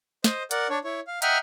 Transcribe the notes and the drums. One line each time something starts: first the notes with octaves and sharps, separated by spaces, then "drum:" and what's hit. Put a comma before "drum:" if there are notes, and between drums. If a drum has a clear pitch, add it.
C5 D#5, drum: snare
A#4 D5 F#5, drum: hi-hat
D4 C#5
E4 C#5
F5
D#5 E5 F#5 G5 A#5 F6, drum: hi-hat